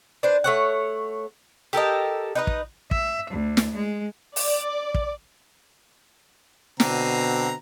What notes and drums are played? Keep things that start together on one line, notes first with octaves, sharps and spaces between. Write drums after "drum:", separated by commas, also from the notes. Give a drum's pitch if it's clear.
D4 B4 C5
A3 C#5 F#5
G4 A4 A#4 D#5
D#4 B4 D#5
drum: kick
E5, drum: kick
D2
drum: snare
G#3
D5, drum: open hi-hat
drum: kick
B2 D3 C4 A#5, drum: snare